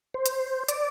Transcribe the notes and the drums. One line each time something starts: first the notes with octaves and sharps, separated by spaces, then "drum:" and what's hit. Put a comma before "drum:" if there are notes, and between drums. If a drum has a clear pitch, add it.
C5
drum: hi-hat
D5, drum: hi-hat